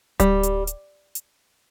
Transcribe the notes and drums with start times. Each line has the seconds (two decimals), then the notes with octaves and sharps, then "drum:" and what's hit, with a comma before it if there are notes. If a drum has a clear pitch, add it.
0.20 G3, drum: kick D1, hi-hat
0.43 drum: hi-hat
0.67 drum: hi-hat
1.15 drum: hi-hat